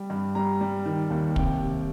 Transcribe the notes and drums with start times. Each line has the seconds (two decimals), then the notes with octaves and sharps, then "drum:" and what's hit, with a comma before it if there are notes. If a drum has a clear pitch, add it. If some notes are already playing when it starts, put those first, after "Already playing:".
Already playing: G3
0.10 G2
0.35 G3 A#5
0.61 G3
0.86 D#3
1.10 D#2
1.36 C3 G5, drum: kick
1.61 C3